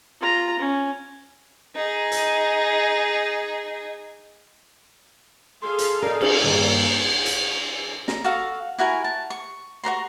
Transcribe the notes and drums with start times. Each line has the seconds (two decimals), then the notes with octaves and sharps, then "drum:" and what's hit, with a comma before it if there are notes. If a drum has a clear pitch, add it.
0.21 F4 A#5
0.59 C#4
1.75 D#4 G#4
2.12 drum: hi-hat
5.62 G#4 A4 F5 C6
5.78 drum: hi-hat
6.02 D#4 A#4 D5
6.21 drum: cymbal
6.42 G2 D#3 A#3
7.26 drum: hi-hat
8.08 A#5, drum: snare
8.24 F#4 A4 F5
8.79 E4 F#4 A#4 G#5
9.04 A5
9.30 C#6
9.84 F#4 C5 A#5 C6